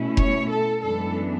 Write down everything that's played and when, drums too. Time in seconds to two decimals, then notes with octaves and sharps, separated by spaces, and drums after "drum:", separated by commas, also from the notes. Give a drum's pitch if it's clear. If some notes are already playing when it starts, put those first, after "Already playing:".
Already playing: B2 A3 C#4 E4
0.17 C#5, drum: kick F1
0.49 A4
0.81 F#2 E3 G#3 B3 D4 A4